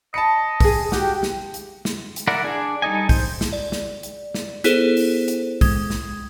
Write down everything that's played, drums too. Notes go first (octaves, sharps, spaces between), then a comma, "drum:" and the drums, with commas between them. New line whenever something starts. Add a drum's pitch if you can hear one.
D#5 A5 B5 C#7
G#4 B4, drum: kick B1, open hi-hat
F#4 G4, drum: snare
drum: snare
drum: hi-hat
drum: snare
drum: hi-hat
E4 A#4 D5 F#5
D4 G#4 D5
G3 D#4 A4 D#5 G#5
C5 G6, drum: kick B1, open hi-hat
drum: snare
D5
drum: snare
drum: hi-hat
drum: snare
B3 E4 G#4 A4 C5, drum: hi-hat
drum: open hi-hat
drum: hi-hat
G#3, drum: kick B1, open hi-hat
drum: snare